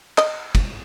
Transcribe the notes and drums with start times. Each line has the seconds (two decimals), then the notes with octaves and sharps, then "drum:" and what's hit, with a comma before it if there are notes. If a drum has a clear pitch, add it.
0.18 D#5, drum: clap
0.55 drum: kick, cymbal